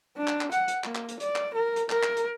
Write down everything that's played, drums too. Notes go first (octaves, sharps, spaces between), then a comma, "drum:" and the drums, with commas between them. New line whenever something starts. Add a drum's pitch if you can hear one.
D4
drum: clap
drum: clap
F#5, drum: hi-hat
drum: hi-hat
A#3, drum: clap
drum: clap
drum: hi-hat
D5, drum: hi-hat
drum: clap
A#4
drum: hi-hat
A#4, drum: clap
drum: clap
drum: hi-hat